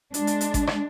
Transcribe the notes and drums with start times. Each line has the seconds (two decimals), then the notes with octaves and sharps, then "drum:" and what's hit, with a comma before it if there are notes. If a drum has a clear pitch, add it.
0.14 G#3 D4, drum: hi-hat
0.27 drum: hi-hat
0.41 drum: hi-hat
0.54 drum: kick G#1, hi-hat
0.67 drum: rim click